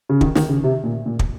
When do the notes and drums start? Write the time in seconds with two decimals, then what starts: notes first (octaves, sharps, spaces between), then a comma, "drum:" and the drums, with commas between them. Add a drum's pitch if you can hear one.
0.09 C#3
0.21 D#3, drum: kick
0.35 D#3, drum: snare
0.49 C#3
0.64 C3
0.84 A#2
1.06 A#2
1.19 drum: kick